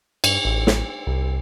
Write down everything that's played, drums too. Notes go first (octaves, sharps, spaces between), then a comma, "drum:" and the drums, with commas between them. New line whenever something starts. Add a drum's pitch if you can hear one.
G2, drum: cymbal
A1
drum: snare
C2